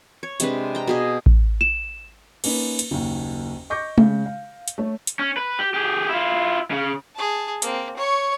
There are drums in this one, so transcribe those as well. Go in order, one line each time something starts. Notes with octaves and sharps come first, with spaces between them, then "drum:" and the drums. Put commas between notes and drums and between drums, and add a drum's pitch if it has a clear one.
C#5
C3 G#3 D4 B4, drum: hi-hat
G5 A#5
B2 G#4 D#5
drum: kick A1
E7
A#3 C#4 D#4 B4, drum: cymbal
drum: hi-hat
F#1 D#2
D#5 C#6 D6 G6 A#6 C#7
C#3, drum: tom G#3
F5
drum: hi-hat
A3 C#5
drum: hi-hat
C#4
B4
G4
G4 G#4
E4 F4
C#3
G#4 A5
A#3 C4, drum: hi-hat
C#5 C#6